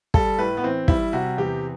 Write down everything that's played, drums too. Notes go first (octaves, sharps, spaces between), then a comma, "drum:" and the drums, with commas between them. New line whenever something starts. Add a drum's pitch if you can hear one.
G3 A4, drum: kick
A2 B4
B3
E3 C4
G3 E4, drum: kick
C3 F#4
E2 G4